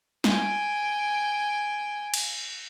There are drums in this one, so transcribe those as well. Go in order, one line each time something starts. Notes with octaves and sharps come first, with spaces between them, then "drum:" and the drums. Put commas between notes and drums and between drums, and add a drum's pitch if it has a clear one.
G5 G#5, drum: snare
drum: cymbal